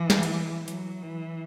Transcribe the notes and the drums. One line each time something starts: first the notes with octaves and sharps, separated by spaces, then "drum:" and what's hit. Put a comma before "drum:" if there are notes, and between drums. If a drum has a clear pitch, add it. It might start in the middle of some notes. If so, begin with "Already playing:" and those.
Already playing: E3
drum: snare
drum: cymbal
F#3, drum: hi-hat
E3